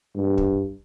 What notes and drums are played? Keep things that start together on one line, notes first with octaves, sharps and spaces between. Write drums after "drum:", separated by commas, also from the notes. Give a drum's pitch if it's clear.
G2
drum: kick